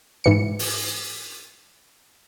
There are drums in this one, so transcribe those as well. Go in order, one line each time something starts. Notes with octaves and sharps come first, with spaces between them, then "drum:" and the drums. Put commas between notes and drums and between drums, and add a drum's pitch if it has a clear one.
G#2 E3 C#7
drum: open hi-hat